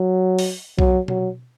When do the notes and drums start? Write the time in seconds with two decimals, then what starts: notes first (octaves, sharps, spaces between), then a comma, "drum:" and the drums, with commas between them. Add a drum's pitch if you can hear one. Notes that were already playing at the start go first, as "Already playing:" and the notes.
Already playing: F#3
0.39 drum: open hi-hat
0.79 F#3, drum: kick B1
1.08 F#3, drum: tom B2